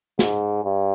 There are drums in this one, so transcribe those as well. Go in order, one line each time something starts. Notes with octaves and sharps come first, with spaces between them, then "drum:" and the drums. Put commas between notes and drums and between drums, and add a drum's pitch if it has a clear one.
G#2, drum: snare
G2